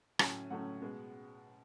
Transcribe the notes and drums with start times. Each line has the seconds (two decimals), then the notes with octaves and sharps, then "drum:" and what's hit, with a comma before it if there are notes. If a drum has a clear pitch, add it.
0.19 A2 F#3 A3 C#4 G#5, drum: rim click
0.50 A2 F#3 A3 C#4 F#5
0.82 B2 G#3 B3